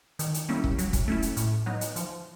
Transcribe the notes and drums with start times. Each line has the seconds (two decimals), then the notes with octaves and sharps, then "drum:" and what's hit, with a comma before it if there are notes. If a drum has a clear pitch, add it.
0.19 D#3, drum: hi-hat
0.34 drum: hi-hat
0.49 G3 A#3 C#4 E4
0.64 drum: kick
0.78 F#3, drum: hi-hat
0.93 drum: kick, hi-hat
1.08 A3 C#4 E4
1.22 drum: hi-hat
1.37 A2, drum: hi-hat
1.66 F#3 B3 D#4
1.81 drum: hi-hat
1.96 F3, drum: hi-hat